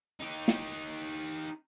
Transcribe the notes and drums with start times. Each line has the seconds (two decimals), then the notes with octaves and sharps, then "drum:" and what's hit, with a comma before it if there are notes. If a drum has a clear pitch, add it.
0.20 D#4 G4
0.48 drum: snare